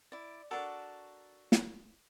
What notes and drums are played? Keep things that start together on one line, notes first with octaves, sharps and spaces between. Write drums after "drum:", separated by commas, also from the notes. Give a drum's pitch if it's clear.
E4 D5
D4 F#4 A4 A#4 C#6
drum: snare